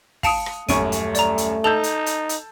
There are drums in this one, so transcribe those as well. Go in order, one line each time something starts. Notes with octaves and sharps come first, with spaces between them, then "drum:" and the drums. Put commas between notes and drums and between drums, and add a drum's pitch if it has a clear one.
F5 A5 D#6 C#7 D7 F7, drum: kick, open hi-hat
drum: rim click
D#1 F#2 A3 C#4 C#6 D7 D#7, drum: kick, hi-hat
drum: hi-hat
D5 A#5, drum: hi-hat
drum: hi-hat
D#4 A4 A5 E6 G6 F7
drum: hi-hat
drum: hi-hat
drum: hi-hat